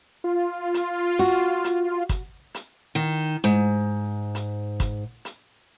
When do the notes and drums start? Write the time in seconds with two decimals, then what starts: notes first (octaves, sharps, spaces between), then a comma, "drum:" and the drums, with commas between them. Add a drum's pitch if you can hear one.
0.24 F4
0.74 drum: hi-hat
1.19 F#4
1.64 drum: hi-hat
2.09 drum: kick, hi-hat
2.54 drum: hi-hat
2.95 D#3
3.44 G#2, drum: hi-hat
4.35 drum: hi-hat
4.80 drum: kick, hi-hat
5.25 drum: hi-hat